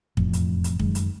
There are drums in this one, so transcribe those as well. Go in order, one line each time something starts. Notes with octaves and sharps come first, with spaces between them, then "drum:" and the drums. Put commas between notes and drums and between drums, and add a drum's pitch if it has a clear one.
E1 F2 A2, drum: kick
drum: hi-hat
drum: hi-hat
F#2 D#3 G#3, drum: kick
drum: hi-hat